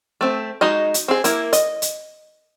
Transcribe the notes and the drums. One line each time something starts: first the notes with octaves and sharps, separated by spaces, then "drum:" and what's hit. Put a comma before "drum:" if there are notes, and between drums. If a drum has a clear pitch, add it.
A3 C4
G#3 D#4 F#4 D#5
drum: hi-hat
C4 G#4
A#3 E4, drum: hi-hat
D#5, drum: hi-hat
drum: hi-hat